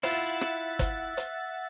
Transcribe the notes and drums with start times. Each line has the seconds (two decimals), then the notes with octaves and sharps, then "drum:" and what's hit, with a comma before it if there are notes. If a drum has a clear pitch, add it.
0.03 E4 F4 E5 F#5 A6, drum: hi-hat
0.41 drum: rim click
0.79 drum: kick, hi-hat
1.17 drum: hi-hat